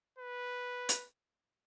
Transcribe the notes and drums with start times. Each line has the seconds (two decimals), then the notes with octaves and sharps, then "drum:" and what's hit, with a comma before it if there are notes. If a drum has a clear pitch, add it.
0.18 B4
0.89 drum: hi-hat